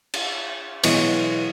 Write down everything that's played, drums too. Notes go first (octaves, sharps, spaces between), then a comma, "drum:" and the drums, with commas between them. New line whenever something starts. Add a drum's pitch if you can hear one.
drum: cymbal
B2 E3 F#3 G#3 B3 F#4, drum: cymbal